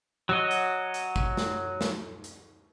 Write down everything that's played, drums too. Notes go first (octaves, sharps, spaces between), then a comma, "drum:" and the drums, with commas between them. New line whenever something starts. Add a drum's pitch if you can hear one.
F#3 F#4 D#5
drum: hi-hat
drum: hi-hat
drum: kick G#1
drum: snare
drum: snare
drum: hi-hat